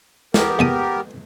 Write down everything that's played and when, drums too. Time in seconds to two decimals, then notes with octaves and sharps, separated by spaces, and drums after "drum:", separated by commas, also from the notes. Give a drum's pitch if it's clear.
0.34 B3 G4 A#4, drum: snare
0.59 E2 A5 D#6